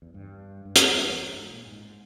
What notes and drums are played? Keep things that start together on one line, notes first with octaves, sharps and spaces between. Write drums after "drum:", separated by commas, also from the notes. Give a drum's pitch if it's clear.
E2
G2
G2
G#2, drum: hi-hat
G2
E2
E2
G2
G#2
A#2
G#2